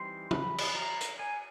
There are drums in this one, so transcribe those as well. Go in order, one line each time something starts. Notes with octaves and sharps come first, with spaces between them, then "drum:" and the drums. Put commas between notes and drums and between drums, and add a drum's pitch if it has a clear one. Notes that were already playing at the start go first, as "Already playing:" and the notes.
Already playing: E3 G3 C4 D#4 C6
B5, drum: tom
drum: cymbal
A#5
drum: hi-hat
G#5